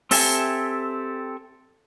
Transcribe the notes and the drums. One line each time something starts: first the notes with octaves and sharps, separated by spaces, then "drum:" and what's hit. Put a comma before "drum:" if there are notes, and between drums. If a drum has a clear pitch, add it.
C4 G4 A4 E5 G#5, drum: open hi-hat